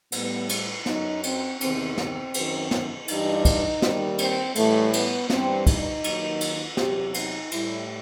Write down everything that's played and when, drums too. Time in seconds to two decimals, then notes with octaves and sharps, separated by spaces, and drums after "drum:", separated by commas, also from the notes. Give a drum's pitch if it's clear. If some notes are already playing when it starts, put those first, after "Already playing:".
0.12 A2 G3 B3, drum: cymbal
0.49 drum: cymbal
0.86 F#2 F#3 D#4, drum: snare
1.24 C4, drum: cymbal
1.61 E2 C3 D#3 C4, drum: cymbal
1.98 C4, drum: snare
2.34 F#2 D#3 F#3, drum: cymbal
2.71 drum: snare
3.08 G2 E3 G3 D#4, drum: cymbal
3.45 drum: kick, cymbal
3.82 D#2 D#3 G3, drum: snare
4.18 C4, drum: cymbal
4.55 A2 E3 G3 A3, drum: cymbal
4.93 B3, drum: cymbal
5.30 G2 E3 G3 C4, drum: snare
5.67 D#4, drum: kick, cymbal
6.04 D#2 D#3 F#3, drum: cymbal
6.41 drum: cymbal
6.77 E2 C3 F#3 G4, drum: snare
7.14 D#4, drum: cymbal
7.52 A2 G3 E4, drum: cymbal